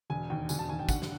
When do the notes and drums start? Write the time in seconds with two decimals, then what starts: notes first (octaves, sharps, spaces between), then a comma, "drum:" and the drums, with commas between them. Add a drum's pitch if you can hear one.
0.10 E1 G#5
0.30 D#2 G5
0.49 E1 G#5, drum: tambourine
0.59 A5
0.69 D#2 G#5
0.79 G5
0.89 D3 F#5, drum: kick, tambourine
1.02 drum: snare